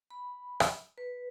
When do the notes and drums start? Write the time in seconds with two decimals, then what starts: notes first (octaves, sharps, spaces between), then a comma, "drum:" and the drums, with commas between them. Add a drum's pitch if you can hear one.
0.10 B5
0.60 drum: rim click
0.98 B4